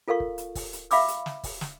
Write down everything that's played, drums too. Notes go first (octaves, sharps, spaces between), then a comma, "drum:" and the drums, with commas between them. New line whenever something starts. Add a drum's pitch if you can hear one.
F4 A4 A#4 F5 C#6
drum: kick
drum: hi-hat
drum: kick, open hi-hat
drum: hi-hat
E5 F5 B5 D6 E6, drum: open hi-hat
drum: hi-hat
drum: snare
drum: kick, open hi-hat
drum: snare